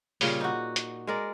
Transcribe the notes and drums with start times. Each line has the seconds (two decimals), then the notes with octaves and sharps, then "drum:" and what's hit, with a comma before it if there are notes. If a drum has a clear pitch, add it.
0.21 A#2 C#3 G3, drum: open hi-hat
0.40 D#4 F#4
0.76 drum: hi-hat
1.07 G#3 A#4 D5